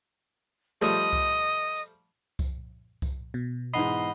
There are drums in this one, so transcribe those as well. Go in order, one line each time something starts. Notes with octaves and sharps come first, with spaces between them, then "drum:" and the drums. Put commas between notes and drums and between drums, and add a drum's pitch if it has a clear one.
F3 G3 A3 D#5
drum: kick C2
drum: tambourine
drum: kick C2, tambourine
drum: kick C2, tambourine
B2
G#2 E3 D#5 F#5 B5 C7